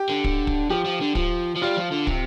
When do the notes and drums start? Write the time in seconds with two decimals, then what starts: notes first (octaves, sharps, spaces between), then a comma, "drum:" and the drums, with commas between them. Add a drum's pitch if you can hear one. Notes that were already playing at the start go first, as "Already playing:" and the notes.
Already playing: G4
0.09 D3
0.24 drum: kick
0.47 drum: kick
0.70 F3 G4
0.85 F3
1.01 D3
1.15 F3, drum: kick
1.56 F3
1.62 G3 F4
1.77 F3
1.91 D3
2.07 C3, drum: kick